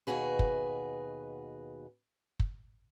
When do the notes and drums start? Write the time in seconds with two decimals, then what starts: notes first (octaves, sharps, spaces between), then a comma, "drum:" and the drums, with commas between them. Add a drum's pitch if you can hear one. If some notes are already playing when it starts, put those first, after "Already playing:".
0.07 D#2 B2 F#4 G#4 B4
0.39 drum: kick
2.40 drum: kick